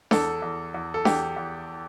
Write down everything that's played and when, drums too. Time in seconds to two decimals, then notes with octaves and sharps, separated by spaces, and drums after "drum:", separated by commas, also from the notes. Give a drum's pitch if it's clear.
0.11 E2 A4, drum: snare D4
0.42 E2
0.74 E2
0.94 A4
1.05 E2 G4, drum: snare D4
1.36 E2